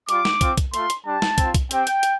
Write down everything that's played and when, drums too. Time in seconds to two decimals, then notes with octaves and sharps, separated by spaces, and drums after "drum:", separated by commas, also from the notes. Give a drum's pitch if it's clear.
0.09 G3 F4 D6, drum: hi-hat
0.25 drum: snare
0.41 C4 F4, drum: kick, hi-hat
0.57 drum: kick, hi-hat
0.74 A3 F4 C6, drum: hi-hat
0.90 drum: hi-hat
1.06 G3 D4 G4 A5
1.22 drum: snare
1.38 C4, drum: kick, hi-hat
1.43 F4
1.54 drum: kick, hi-hat
1.71 C4 G4 G5, drum: hi-hat
1.87 drum: hi-hat
2.03 drum: hi-hat